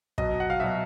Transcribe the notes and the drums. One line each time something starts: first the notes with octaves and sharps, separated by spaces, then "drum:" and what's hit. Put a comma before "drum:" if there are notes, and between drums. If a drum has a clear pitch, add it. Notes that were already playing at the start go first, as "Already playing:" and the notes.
B2 F#3 D#5, drum: kick
F#5
F5
B2 F#3 E5